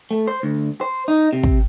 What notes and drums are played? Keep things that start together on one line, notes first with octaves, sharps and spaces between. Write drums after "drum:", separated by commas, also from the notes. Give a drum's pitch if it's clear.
A3
C5
D2
C5
D#4
C3
drum: kick